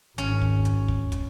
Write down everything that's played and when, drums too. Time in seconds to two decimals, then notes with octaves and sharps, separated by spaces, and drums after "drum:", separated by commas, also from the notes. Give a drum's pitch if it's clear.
0.18 G#1 C#4, drum: hi-hat
0.42 drum: kick
0.65 drum: hi-hat
0.88 drum: kick
1.12 drum: kick, hi-hat